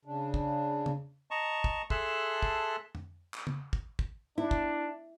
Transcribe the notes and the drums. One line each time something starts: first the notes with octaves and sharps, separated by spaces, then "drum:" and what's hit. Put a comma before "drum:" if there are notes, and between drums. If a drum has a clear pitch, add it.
C#3 D4
drum: kick
drum: tom
D#5 A5 A#5 C#6
drum: kick
G#4 A4 E5 A5 C6 F#6, drum: kick
drum: kick
drum: tom F2
drum: clap
drum: tom
drum: kick
drum: kick
D4 E4
drum: kick